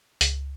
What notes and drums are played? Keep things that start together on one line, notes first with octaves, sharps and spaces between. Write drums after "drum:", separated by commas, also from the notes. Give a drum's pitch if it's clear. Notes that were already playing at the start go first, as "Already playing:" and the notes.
C#2, drum: hi-hat